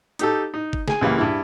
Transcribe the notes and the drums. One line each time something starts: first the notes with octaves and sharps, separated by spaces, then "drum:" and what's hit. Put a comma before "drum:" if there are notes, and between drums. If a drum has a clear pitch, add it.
D#4 G4 A4, drum: hi-hat
D#4
drum: kick G1
G#4 G#5, drum: snare
C#2 E3 G3 A#3
G2 E4